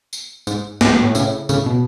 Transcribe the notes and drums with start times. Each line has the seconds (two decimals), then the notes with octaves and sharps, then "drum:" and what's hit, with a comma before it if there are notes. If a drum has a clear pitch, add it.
0.13 drum: tambourine
0.47 G#2, drum: tambourine
0.81 G#2, drum: snare
0.93 A2
1.03 A2
1.15 A2 C#3, drum: tambourine
1.49 A2 C#3, drum: tambourine
1.66 B2